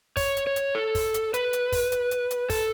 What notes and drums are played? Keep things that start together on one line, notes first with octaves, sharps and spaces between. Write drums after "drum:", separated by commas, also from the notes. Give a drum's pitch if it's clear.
C#5, drum: kick, open hi-hat
drum: hi-hat
C#5
drum: hi-hat
A4
drum: kick, open hi-hat
drum: hi-hat
B4, drum: hi-hat
drum: hi-hat
drum: kick, open hi-hat
drum: hi-hat
drum: hi-hat
drum: hi-hat
A4, drum: kick, open hi-hat